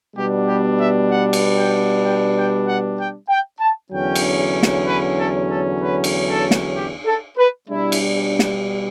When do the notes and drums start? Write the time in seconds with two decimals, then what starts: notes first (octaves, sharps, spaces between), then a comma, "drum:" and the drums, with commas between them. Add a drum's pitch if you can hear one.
0.15 B2 G3 B3 D4 G4
0.47 G4
0.78 E5
1.09 F#5
1.33 drum: cymbal
1.56 G5
2.03 G5
2.35 G5
2.67 F#5
2.98 G5
3.29 G5
3.60 A5
3.92 E2 D3 F#3 C#4 G5
4.15 drum: cymbal
4.63 drum: snare
4.85 B4
5.18 A4
5.49 A4
5.80 B4
6.04 drum: cymbal
6.28 A4
6.51 drum: snare
6.75 G4
7.06 A4
7.37 B4
7.68 B2 G3 D4 E4
7.92 drum: cymbal
8.39 drum: snare